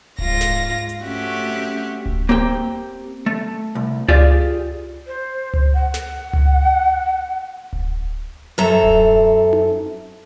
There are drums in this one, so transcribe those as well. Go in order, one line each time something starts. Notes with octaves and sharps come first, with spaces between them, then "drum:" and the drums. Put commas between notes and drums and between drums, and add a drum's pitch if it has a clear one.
G#2 F4 A#6, drum: kick D1
drum: snare
drum: hi-hat
A3 C4 C#4 F#4 G4 E5
drum: kick D1
A#3 C4 G4 G5
A3
C2
F4 G4 G#4 D5, drum: tom C#2
C5
drum: tom C#2
F#5
drum: snare
drum: tom C#2
drum: kick D1
F#2 C4 A4 E5 A#5
drum: kick D1
drum: tom D#4